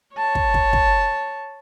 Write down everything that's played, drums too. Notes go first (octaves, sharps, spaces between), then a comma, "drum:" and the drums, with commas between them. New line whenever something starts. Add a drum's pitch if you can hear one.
C#5 A5
drum: kick
drum: kick
drum: kick